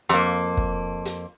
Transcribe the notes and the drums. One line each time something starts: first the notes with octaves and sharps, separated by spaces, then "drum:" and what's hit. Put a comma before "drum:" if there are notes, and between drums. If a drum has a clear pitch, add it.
F2 A#3, drum: hi-hat
drum: kick
drum: hi-hat